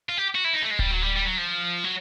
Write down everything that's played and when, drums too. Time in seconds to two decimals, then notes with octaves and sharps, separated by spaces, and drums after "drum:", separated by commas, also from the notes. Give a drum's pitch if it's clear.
0.09 F4
0.17 G4
0.35 F#4
0.44 E4
0.53 D#4
0.61 A3
0.70 G#3
0.79 G3, drum: kick D1
0.90 F#3
1.02 G3
1.16 G3
1.25 F#3
1.37 F3
1.84 F#3